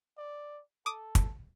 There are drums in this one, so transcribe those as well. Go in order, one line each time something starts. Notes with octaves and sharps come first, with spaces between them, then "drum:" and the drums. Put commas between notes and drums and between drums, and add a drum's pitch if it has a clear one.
D5
A4 D6 D#6
drum: kick, hi-hat